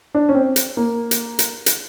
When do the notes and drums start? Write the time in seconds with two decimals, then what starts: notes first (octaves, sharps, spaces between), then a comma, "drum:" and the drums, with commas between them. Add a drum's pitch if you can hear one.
0.15 D4
0.29 C#4
0.35 C4
0.56 drum: hi-hat
0.77 A#3
1.11 drum: hi-hat
1.39 drum: hi-hat
1.66 drum: hi-hat